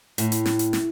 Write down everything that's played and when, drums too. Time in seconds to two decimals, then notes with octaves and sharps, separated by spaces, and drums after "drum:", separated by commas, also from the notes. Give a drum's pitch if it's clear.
0.18 A2, drum: hi-hat
0.32 drum: hi-hat
0.46 drum: snare
0.59 drum: hi-hat
0.73 drum: snare